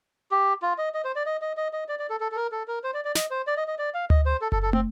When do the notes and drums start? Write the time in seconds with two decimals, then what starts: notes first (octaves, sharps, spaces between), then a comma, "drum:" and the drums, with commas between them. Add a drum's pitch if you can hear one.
0.31 G4
0.62 F4
0.78 D#5
0.94 D#5
1.05 C5
1.16 D5
1.26 D#5
1.42 D#5
1.57 D#5
1.73 D#5
1.89 D5
1.99 D5
2.10 A4
2.20 A4
2.32 A4
2.36 A#4
2.52 A4
2.68 A#4
2.84 C5
2.94 D5
3.05 D5
3.15 D#5, drum: snare
3.31 C5
3.47 D5
3.57 D#5
3.68 D#5
3.79 D5
3.94 F5
4.10 D#5, drum: tom D2
4.26 C5
4.41 A4
4.52 A4, drum: kick F#1
4.62 A4
4.73 C4, drum: tom